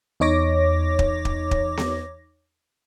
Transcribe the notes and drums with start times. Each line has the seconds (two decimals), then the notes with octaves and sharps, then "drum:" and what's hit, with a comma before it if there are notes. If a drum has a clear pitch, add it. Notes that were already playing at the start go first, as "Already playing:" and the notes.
0.20 E2 D#4 C#5 D6 A#6
0.99 drum: kick
1.25 drum: kick
1.51 drum: kick
1.77 drum: snare B3